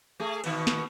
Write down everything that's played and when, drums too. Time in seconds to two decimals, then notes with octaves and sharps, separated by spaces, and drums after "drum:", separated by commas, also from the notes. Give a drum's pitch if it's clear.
0.20 A3 G#4
0.44 B2 D#3, drum: cymbal
0.67 drum: snare